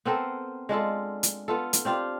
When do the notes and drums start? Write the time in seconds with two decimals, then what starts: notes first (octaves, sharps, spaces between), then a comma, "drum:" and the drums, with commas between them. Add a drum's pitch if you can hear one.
0.05 B3 C4 A4 A#4
0.69 G#3 D4 F4 A4
1.23 drum: hi-hat
1.48 B3 F4 A4
1.73 drum: hi-hat
1.85 C4 D4 F4 G4